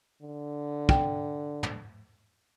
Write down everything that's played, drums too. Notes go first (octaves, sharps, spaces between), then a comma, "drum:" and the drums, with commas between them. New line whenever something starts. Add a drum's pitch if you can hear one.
D3
G5, drum: kick
drum: tom